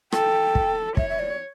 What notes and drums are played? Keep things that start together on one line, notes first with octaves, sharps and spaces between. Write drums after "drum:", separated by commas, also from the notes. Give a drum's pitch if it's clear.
A4 G5, drum: rim click
drum: kick
C#5 E5, drum: kick
E5
D5